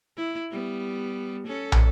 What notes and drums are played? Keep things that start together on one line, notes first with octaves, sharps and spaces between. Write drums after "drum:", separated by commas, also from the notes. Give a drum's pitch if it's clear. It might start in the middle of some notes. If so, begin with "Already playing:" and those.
E4
G3 B3
C#4 A4
drum: tom